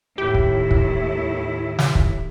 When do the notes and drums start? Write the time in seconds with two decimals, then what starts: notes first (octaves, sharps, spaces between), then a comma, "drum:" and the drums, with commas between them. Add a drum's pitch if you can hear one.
0.18 D#2 A2 E4 G4
0.35 drum: kick
0.71 drum: kick
1.79 drum: snare
1.95 drum: kick